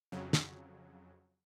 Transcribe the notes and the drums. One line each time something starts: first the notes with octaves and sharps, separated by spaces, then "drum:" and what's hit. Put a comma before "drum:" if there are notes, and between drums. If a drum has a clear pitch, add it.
F2 C#3 F#3
drum: snare